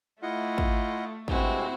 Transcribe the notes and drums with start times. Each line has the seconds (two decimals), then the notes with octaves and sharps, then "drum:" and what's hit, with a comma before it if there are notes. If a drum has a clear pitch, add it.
0.23 A3 E4 F4 D#5 F#5
0.58 drum: kick
1.28 G2 C3 G#3 C4 E4 F#4, drum: kick